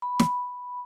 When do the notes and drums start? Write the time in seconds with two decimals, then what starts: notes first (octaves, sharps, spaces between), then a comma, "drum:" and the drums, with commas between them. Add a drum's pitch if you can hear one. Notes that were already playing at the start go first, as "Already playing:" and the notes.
0.02 B5
0.19 drum: snare